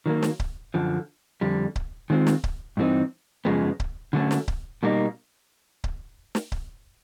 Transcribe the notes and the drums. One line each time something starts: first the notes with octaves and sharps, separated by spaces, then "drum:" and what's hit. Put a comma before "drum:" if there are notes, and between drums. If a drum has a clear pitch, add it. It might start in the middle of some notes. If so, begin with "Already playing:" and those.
D#3 F#3 A#3
drum: snare
drum: kick C#1
F#2 D3 F3
F2 D3 G3
drum: kick C#1
D#3 G#3 C4 F4
drum: snare
drum: kick C#1
G2 E3 A3 C4 D#4
F#2 C#3 F3 G#3 B3
drum: kick C#1
D3 F#3 A3 C#4
drum: snare
drum: kick C#1
B2 G3 A#3 D#4
drum: kick C#1
drum: snare
drum: kick C#1